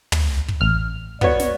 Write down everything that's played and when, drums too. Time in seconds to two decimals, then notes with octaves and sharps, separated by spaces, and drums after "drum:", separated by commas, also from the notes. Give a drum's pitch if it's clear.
0.12 drum: tom
0.48 drum: kick
0.60 A1 F6
1.21 B3 F#4 C#5 D5, drum: kick
1.39 drum: snare